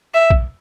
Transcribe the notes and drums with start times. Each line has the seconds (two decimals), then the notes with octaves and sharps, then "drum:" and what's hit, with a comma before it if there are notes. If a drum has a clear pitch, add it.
0.14 E5
0.30 drum: kick